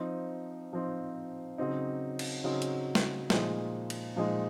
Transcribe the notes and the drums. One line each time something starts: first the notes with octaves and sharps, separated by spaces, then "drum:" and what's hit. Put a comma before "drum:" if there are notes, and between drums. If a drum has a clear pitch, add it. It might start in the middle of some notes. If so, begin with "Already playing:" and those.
Already playing: F3 C4 D#4
F3 C4 D#4
C#3 F#3 C4 D#4
drum: cymbal
C#3 F#3 C4 D#4
drum: hi-hat
drum: snare
A#2 F3 G#3 D#4, drum: snare
drum: cymbal
A#2 F3 G#3 D#4